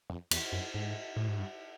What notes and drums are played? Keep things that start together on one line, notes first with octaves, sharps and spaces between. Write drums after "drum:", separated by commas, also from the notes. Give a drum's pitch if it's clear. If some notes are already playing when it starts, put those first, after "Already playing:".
F2
E2, drum: cymbal
F#2
G#2
A2
G#2
G2